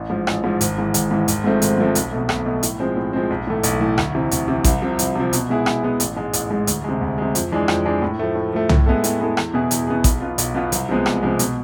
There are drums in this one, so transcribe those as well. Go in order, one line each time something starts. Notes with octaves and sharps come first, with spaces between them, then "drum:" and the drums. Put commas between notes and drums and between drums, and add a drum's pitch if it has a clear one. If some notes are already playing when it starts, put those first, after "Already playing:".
Already playing: A1
G#2 F3
A1, drum: rim click
G#2 F3
G#1, drum: hi-hat
G#2 E3
G#1, drum: hi-hat
G#2 E3
G#1, drum: hi-hat
G#2 F3 A3 C4
G#1, drum: hi-hat
G#2 F3 A3 C4
B1, drum: hi-hat
B2 A3
B1, drum: rim click
B2 A3
A2, drum: hi-hat
F3 G#3 C4
A2
F3 G#3 C4
B1
A2 E3 A3
B1, drum: hi-hat
A2 E3 A3
D2, drum: rim click
C3 E3
D2, drum: hi-hat
C3 E3
C2, drum: kick A1, hi-hat
C3 F3
C2, drum: hi-hat
C3 F3
B2, drum: hi-hat
G#3 B3 E4 G#4
B2, drum: rim click
G#3 B3 E4 G#4
A1, drum: hi-hat
G#2 G#3
A1, drum: hi-hat
G#2 G#3
D2, drum: hi-hat
C3 G#3
D2
C3 G#3
F2, drum: hi-hat
E3 G#3 D4 G#4
F2, drum: rim click
E3 G#3 D4 G#4
A2
F3 A3
A2
F3 A3
A2, drum: tom
G#3 B3 E4 A4
A2, drum: hi-hat
G#3 B3 E4 A4
E2, drum: rim click
B2 B3 E4 G#4
E2, drum: hi-hat
B2 B3 E4 G#4
B1, drum: kick A1, hi-hat
B2 B3 F4
B1, drum: hi-hat
B2 B3 F4
C2, drum: hi-hat
C3 F3 G#3 B3
C2, drum: rim click
C3 F3 G#3 B3
B2, drum: hi-hat